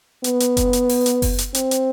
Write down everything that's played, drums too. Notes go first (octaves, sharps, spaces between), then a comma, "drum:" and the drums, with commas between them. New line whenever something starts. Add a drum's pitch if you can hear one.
B3, drum: hi-hat
drum: hi-hat
drum: kick F#1, hi-hat
drum: hi-hat
drum: open hi-hat
drum: hi-hat
drum: kick F#1, open hi-hat
drum: hi-hat
C4, drum: hi-hat
drum: hi-hat